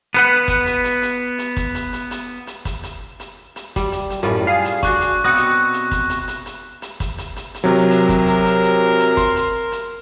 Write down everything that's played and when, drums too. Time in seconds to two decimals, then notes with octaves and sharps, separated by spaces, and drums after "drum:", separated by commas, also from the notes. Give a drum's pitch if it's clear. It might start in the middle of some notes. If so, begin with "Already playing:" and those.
0.14 B3 B4 F#5
0.48 drum: kick, hi-hat
0.66 drum: hi-hat
0.84 drum: hi-hat
1.02 drum: hi-hat
1.38 drum: hi-hat
1.57 drum: kick, hi-hat
1.75 drum: hi-hat
1.93 drum: hi-hat
2.11 drum: hi-hat
2.47 drum: hi-hat
2.65 drum: kick, hi-hat
2.83 drum: hi-hat
3.20 drum: hi-hat
3.56 drum: hi-hat
3.76 G3, drum: kick, hi-hat
3.92 drum: hi-hat
4.10 drum: hi-hat
4.23 F#2 A2 G3 F4 B4
4.47 G#4 F5
4.65 drum: hi-hat
4.83 D4 F#4 C#6 F#6, drum: kick, hi-hat
5.01 drum: hi-hat
5.24 B2 B3 C4 D#6 F#6 A#6 C#7
5.37 drum: hi-hat
5.73 drum: hi-hat
5.91 drum: kick, hi-hat
6.10 drum: hi-hat
6.28 drum: hi-hat
6.46 drum: hi-hat
6.82 drum: hi-hat
7.00 drum: kick, hi-hat
7.18 drum: hi-hat
7.36 drum: hi-hat
7.55 drum: hi-hat
7.64 C3 F#3 A#4
7.91 drum: hi-hat
8.09 drum: kick, hi-hat
8.27 drum: hi-hat
8.45 drum: hi-hat
8.63 drum: hi-hat
8.99 drum: hi-hat
9.17 C6, drum: kick, hi-hat
9.36 drum: hi-hat
9.72 drum: hi-hat